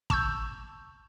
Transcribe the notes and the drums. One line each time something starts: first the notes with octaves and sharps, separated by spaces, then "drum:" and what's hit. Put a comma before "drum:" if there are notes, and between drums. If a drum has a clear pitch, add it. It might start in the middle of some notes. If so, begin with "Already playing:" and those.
A5 C#6 E6 G6, drum: kick